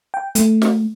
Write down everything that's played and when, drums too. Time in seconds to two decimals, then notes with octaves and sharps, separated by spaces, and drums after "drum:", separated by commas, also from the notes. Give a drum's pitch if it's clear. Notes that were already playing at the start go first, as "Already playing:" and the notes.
0.14 G5
0.35 A3, drum: hi-hat
0.62 drum: snare